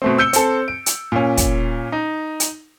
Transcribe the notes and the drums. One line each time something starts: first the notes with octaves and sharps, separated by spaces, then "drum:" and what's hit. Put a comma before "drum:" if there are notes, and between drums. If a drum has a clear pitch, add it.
B2 A3 C4
E6 G6 C#7 G7
C4 A4, drum: hi-hat
D7
drum: hi-hat
A#2 C#4
drum: kick, hi-hat
D#4
drum: hi-hat